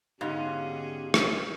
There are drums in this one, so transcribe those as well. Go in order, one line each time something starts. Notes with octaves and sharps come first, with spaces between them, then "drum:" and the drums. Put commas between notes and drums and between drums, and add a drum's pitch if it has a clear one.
G#2 B2 D3 C#4 G4 G#4 F5
drum: rim click